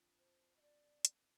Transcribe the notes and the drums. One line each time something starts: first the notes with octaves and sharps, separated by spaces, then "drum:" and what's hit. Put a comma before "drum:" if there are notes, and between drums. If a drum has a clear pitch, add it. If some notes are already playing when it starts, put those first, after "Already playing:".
Already playing: F2 D3 F3 C4
C5
D#5
D5
drum: hi-hat